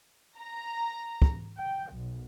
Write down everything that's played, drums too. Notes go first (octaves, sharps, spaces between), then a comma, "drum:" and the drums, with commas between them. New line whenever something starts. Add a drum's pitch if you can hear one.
A#5
drum: kick
G5
B1